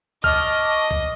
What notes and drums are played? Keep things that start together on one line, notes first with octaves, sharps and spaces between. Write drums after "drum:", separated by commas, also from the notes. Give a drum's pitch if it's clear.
D#5 A5 C#6 D6 F6, drum: kick C2
drum: kick C2